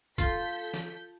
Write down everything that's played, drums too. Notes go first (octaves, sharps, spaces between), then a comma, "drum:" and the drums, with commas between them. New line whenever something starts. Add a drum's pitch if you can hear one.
F4 A4 C6 G6 B6, drum: kick
drum: snare